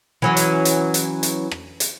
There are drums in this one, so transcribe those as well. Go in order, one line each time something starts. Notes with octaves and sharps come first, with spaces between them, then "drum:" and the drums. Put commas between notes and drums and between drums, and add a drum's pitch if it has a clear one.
E3 F#3 C#4
drum: hi-hat
drum: hi-hat
drum: hi-hat
drum: hi-hat
drum: rim click
drum: hi-hat